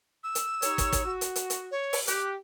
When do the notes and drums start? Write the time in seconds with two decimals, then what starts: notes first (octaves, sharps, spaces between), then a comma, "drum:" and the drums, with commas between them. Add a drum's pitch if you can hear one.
0.24 E6
0.35 drum: hi-hat
0.62 D#4 G4 C#5, drum: hi-hat
0.78 drum: kick, hi-hat
0.92 drum: kick, hi-hat
1.05 F#4
1.21 drum: hi-hat
1.36 drum: hi-hat
1.50 drum: hi-hat
1.72 C#5
1.93 drum: open hi-hat
2.07 G4 F#6, drum: hi-hat